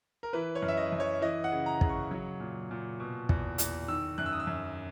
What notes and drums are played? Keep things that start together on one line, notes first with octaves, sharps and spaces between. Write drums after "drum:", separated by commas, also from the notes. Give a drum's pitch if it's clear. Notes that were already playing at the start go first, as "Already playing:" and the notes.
A#4
E3 B4
C#5
F#2
E5
D#5
F#2
C#5
E3 D#5
F#5
C#3
A#5
C#3, drum: kick
C#6
F#3
A#2
A#2
B2
E2, drum: kick
E2, drum: hi-hat
D#3 E6
F#2 F#6
E6
D#6
E6
F#2